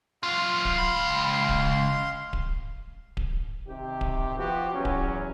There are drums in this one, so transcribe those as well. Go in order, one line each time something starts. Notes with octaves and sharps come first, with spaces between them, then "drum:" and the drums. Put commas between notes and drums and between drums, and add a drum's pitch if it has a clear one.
F#3 F4 F5 C6
drum: kick D1
C#2 B5
drum: kick D1
drum: kick D1
drum: kick D1
C3 D#3 G4
drum: kick D1
F3 B3 F#4 G4
E2 F#3 C#4
drum: kick D1